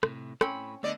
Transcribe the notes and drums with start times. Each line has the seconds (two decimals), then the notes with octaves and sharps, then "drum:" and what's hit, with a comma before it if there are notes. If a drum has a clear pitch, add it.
0.03 A2 C3, drum: rim click
0.41 A2 C4 C#4 B5, drum: rim click
0.83 D3 A3 B3 D5 D#5